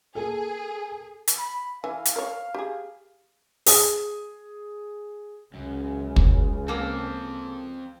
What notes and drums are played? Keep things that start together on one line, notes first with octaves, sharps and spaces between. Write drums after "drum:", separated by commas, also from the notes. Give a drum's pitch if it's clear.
A#3 G#4 A4
drum: hi-hat
B5
E3 F5 G#5
drum: hi-hat
A#4 C#5
G4 G#4
G#4 D#6, drum: open hi-hat
C#2 F#2 C#3
drum: kick
F3 A#3 C4 A4